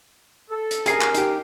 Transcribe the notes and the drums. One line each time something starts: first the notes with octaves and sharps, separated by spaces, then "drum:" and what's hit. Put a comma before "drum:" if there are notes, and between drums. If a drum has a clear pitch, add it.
A4
drum: hi-hat
D#2 C#4 G#4 A#4 G#5 C7, drum: hi-hat
drum: clap
D#4 G4, drum: hi-hat